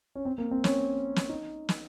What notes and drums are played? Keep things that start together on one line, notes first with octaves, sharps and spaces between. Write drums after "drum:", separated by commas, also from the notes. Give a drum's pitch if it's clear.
C#4
C4
A#3
C4
C#4, drum: snare
drum: snare
D#4
drum: snare